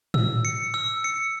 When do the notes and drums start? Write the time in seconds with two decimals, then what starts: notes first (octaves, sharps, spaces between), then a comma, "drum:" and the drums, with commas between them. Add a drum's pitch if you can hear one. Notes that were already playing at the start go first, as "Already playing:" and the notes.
0.14 E6, drum: tom A2
0.45 C#7
0.74 E6
1.04 C#7